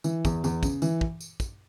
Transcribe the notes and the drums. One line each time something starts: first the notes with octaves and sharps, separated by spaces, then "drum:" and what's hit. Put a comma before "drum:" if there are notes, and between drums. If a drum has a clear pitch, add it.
E3, drum: tambourine
E2, drum: kick, tambourine
E2, drum: tambourine
C#3, drum: kick, tambourine
E3, drum: tambourine
drum: kick
drum: tambourine
drum: kick, tambourine